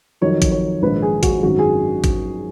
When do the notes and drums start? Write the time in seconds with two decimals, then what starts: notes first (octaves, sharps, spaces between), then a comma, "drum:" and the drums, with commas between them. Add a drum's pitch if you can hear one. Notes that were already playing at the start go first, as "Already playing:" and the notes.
0.21 F2 D#3 F#3 C#5
0.42 drum: kick, hi-hat
0.52 C#5
0.82 A#1 G#2 D#3 B4
1.02 G#4
1.23 F#4, drum: kick, hi-hat
1.43 G#1 F#2 D#3 F#3 F#4
1.59 G#4
2.04 drum: kick, hi-hat